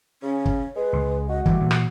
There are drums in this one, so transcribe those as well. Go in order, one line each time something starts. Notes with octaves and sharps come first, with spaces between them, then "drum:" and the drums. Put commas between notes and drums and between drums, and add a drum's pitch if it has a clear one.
C#3 C#4
drum: kick
G#3 B4
C#2
F#4 D#5
E3 G3 A3, drum: kick
A#2 E3
drum: rim click